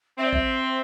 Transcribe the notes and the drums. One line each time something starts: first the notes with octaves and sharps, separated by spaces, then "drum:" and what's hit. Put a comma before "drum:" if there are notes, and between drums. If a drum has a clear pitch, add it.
C4 E5
D5
E5, drum: kick A1